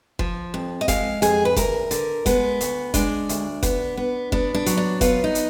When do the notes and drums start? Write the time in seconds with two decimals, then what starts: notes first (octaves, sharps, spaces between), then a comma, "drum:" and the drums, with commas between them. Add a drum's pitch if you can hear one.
0.19 F3, drum: kick F#1
0.54 F2
0.81 D#5
0.88 G#3 F5, drum: kick F#1, hi-hat
1.22 F2 G#4, drum: hi-hat
1.45 B4
1.56 D2 A#4, drum: kick F#1, hi-hat
1.91 D3, drum: hi-hat
2.26 G#3 B3, drum: kick F#1, hi-hat
2.61 D2, drum: hi-hat
2.94 G#3 D4, drum: kick F#1, hi-hat
3.29 D2, drum: hi-hat
3.63 B3, drum: kick F#1, hi-hat
3.97 B3
4.32 B3 D4, drum: kick F#1
4.55 D4
4.66 F#3, drum: hi-hat
4.77 D4
5.01 B3 F4, drum: kick F#1, hi-hat
5.24 D#4
5.35 drum: hi-hat